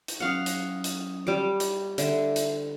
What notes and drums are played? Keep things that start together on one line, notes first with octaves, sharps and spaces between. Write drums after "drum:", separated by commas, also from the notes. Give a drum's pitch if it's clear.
drum: hi-hat
F#3 C#4 F5 F#5 D#6
drum: hi-hat
drum: hi-hat
G3 D6
drum: hi-hat
D3 D5 E5, drum: hi-hat
drum: hi-hat